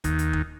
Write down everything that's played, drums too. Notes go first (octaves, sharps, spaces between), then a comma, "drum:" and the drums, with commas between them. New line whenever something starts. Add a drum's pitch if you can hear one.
D#2, drum: kick, hi-hat
drum: hi-hat
drum: kick